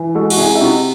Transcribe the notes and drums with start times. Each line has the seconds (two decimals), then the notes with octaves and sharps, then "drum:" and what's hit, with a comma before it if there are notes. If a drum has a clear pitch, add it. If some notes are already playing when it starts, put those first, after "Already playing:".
Already playing: E3
0.15 G#3 F#4 A4
0.30 F#4, drum: cymbal
0.37 C3 E4 G#4
0.55 E4
0.61 C3 D#4 F#4